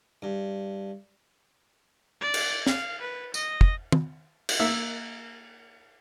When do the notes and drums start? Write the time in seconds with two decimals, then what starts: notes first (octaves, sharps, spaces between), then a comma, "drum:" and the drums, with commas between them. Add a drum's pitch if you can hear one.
0.22 G2
2.21 D5
2.34 drum: cymbal
2.66 F5, drum: snare
3.01 B4
3.34 D#5, drum: tambourine
3.61 drum: kick
3.92 drum: tom
4.49 drum: cymbal
4.60 A#3 E5 E6